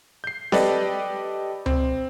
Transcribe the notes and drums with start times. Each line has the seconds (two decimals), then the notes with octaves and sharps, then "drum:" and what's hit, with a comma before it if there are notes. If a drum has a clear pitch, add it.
0.24 G6 C7
0.52 G4 A4 B4 D5 D#5, drum: snare C4
1.66 C4, drum: tom C#2